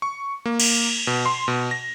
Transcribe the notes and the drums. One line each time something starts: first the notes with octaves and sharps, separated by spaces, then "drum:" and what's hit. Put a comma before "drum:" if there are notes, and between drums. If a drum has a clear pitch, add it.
C#6
A#3
drum: cymbal
B2
C6
B2
A#6